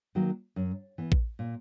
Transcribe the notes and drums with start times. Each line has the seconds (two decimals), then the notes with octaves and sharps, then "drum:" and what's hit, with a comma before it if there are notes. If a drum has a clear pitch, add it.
0.15 D#3 F#3 A#3
0.56 F#2
0.98 E3 B3
1.12 drum: kick A1
1.39 A#2